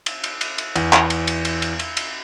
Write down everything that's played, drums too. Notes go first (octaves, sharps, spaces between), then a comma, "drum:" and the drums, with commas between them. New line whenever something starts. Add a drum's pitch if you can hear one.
drum: cymbal
drum: cymbal
drum: cymbal
drum: cymbal
E2, drum: cymbal
drum: clap
drum: cymbal
drum: cymbal
drum: cymbal
drum: cymbal
drum: cymbal
drum: cymbal